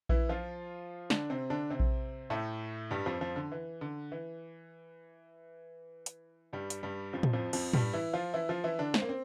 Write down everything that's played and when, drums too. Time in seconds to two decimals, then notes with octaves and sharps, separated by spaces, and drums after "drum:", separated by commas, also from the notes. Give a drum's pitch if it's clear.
0.09 E3 E4, drum: kick A#1
0.29 F3 F4
1.10 D3 D4, drum: snare
1.30 C3 C4
1.50 D3 D4
1.70 C3 C4
1.80 drum: kick A#1
2.30 A2 A3
2.91 G2 G3
3.06 F2 F3
3.21 F2 F3
3.36 D3
3.52 E3
3.81 D3
4.12 E3
6.06 drum: hi-hat
6.53 G2 G3
6.70 drum: hi-hat
6.83 G2 G3
7.13 F2 F3
7.23 drum: tom A2
7.33 F2 F3
7.53 F2 F3, drum: cymbal
7.74 G2 G3, drum: tom A2
7.93 E3 E4
8.13 F3 F4
8.34 E3 E4
8.49 F3 F4
8.64 E3 E4
8.79 D3 D4
8.94 C4, drum: snare
9.02 A#3
9.09 C4